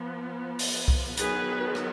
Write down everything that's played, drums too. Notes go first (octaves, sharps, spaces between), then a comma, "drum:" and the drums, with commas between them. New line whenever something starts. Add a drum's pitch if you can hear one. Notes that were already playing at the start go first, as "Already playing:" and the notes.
Already playing: F3 B3
drum: open hi-hat
drum: kick C2
D#3 F#3 B3 G#4 B4, drum: hi-hat
drum: rim click